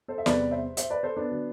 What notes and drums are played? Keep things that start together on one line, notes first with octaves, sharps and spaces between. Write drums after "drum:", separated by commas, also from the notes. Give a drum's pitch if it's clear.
A4 C5
E5
E2 C3 G3 B4 D5, drum: snare
C5 E5
C5 E5, drum: hi-hat
B4 D5
A4 C5
B3 D4
D3 F#3